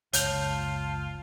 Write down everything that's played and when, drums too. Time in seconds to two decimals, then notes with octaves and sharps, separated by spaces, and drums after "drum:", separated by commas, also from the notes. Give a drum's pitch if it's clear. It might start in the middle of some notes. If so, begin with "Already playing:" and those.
0.13 F#1 C#2 F4 C#5 A5 G6 F7, drum: hi-hat